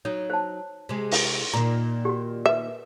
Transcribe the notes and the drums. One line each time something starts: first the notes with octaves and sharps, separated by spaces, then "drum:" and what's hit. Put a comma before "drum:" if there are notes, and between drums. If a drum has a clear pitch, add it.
F#3 D#4 C#5
C5 A5
C3 G#3
drum: open hi-hat
A#2 D#3 A#5
F#4 G4
A#4 B4 E5